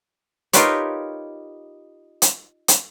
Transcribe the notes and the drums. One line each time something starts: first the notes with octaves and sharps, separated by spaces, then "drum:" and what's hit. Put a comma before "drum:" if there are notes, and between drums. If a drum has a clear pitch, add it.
D#4 F4 G4 A#4 B4 C#5, drum: hi-hat
drum: hi-hat
drum: hi-hat